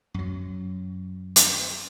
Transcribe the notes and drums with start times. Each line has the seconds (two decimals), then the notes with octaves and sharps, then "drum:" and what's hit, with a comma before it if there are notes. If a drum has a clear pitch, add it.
0.14 F#2 F#3
1.36 drum: hi-hat